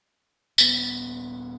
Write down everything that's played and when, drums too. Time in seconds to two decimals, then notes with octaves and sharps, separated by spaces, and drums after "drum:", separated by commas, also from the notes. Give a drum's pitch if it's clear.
0.58 D#1 B3, drum: tambourine